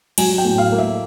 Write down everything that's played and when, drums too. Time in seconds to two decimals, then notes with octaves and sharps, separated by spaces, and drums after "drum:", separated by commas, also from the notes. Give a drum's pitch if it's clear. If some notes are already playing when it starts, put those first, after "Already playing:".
0.18 F#3 G#5, drum: cymbal
0.38 G5
0.45 A2
0.58 F5
0.72 A#3
0.78 E5